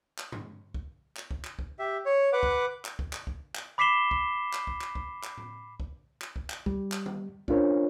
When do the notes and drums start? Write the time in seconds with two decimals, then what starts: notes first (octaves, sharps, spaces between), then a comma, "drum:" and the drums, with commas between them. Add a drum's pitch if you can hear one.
0.18 drum: clap
0.32 drum: tom G2
0.74 drum: kick
1.17 drum: clap
1.31 drum: kick
1.45 drum: clap
1.59 drum: kick
1.79 G4 E5
2.06 C#5
2.33 B4 F#5 D6
2.43 drum: kick
2.85 drum: clap
2.99 drum: kick
3.13 drum: clap
3.27 drum: kick
3.55 drum: clap
3.78 B5 D6 B6 C7 E7 G7
4.11 drum: kick
4.53 drum: clap
4.67 drum: kick
4.81 drum: clap
4.95 drum: kick
5.23 drum: clap
5.38 drum: tom A2
5.80 drum: kick
6.22 drum: clap
6.36 drum: kick
6.50 drum: clap
6.66 G3, drum: kick
6.92 drum: clap
7.06 drum: tom D#3
7.48 C#4 D4 F4 A#4 C5 C#5, drum: kick